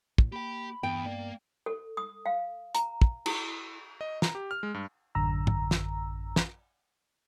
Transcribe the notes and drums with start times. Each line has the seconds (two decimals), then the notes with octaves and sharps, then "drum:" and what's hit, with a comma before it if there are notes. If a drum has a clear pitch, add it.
0.18 A2, drum: kick
0.32 A#3 G4 G5 B5
0.83 E2 G2 B3 G5
1.06 A#3 D5
1.66 A4
1.97 D#6
2.26 F5
2.75 A#5, drum: hi-hat
3.02 drum: kick
3.26 E4, drum: cymbal
4.01 D#5
4.22 A#5, drum: snare
4.35 G4
4.51 F6
4.63 G#3
4.74 G2
5.15 A1 F#2 D3 A#5 E6
5.47 drum: tom
5.71 drum: snare
6.36 drum: snare